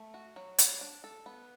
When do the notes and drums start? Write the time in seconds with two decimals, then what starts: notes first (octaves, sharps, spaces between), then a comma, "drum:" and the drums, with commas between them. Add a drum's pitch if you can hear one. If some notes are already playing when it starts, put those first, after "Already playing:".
Already playing: A3
0.14 F#4
0.36 F#3
0.58 D5, drum: hi-hat
0.81 D4
1.04 A4
1.26 B3